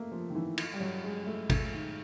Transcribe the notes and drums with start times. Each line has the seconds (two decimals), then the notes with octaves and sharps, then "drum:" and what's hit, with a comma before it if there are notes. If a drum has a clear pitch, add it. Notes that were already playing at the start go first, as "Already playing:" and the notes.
Already playing: A3 A#3
0.12 F3
0.30 D#3
0.35 E3
0.58 drum: cymbal
0.73 G3
0.80 F#3
1.04 G#3
1.27 A3
1.50 A3, drum: kick, cymbal
1.73 D#3